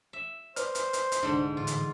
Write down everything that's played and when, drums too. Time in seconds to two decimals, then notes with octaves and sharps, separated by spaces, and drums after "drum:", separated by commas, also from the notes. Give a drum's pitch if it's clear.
0.13 E5
0.56 B4 C5 D5 F6, drum: hi-hat
0.75 drum: hi-hat
0.93 drum: hi-hat
1.12 drum: hi-hat
1.23 C2 G#2 D3 D4
1.57 A2 D3 E3 F4
1.67 drum: hi-hat